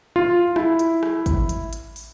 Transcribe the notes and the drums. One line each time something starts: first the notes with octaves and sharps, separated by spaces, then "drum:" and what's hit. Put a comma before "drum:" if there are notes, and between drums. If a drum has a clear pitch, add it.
F4
E4, drum: rim click
drum: hi-hat
drum: rim click
drum: kick, hi-hat
drum: hi-hat
drum: hi-hat
drum: open hi-hat